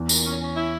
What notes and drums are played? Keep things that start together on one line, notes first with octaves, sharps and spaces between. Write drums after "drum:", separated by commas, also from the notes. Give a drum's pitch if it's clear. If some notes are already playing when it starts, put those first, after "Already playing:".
Already playing: E2
A#2, drum: tambourine
C#4
C#4
E4